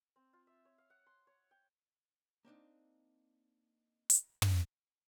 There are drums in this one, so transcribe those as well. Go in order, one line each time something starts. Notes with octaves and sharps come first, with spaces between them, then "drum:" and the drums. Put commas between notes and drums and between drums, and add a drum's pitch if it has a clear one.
C4
F4
E5
C#5
F5
F#5
C6
C#5
G5
A#3 C4 D4 D#4
drum: hi-hat
drum: tom